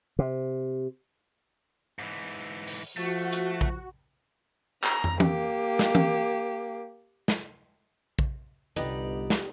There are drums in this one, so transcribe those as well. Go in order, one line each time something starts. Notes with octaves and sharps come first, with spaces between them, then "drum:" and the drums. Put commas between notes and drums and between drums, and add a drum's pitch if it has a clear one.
C3
G#2 E3
drum: open hi-hat
F3 A3 F#4
drum: hi-hat
drum: kick A#1
A#5, drum: clap
drum: tom
A#3 G4, drum: tom E3
drum: snare
drum: tom E3
drum: snare
drum: kick A#1
G1 C2 B3 D#4 G4 D5, drum: hi-hat
drum: snare